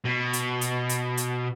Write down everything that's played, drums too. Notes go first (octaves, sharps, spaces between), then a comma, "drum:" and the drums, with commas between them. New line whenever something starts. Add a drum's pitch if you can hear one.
B2
drum: hi-hat
drum: hi-hat
drum: hi-hat
drum: hi-hat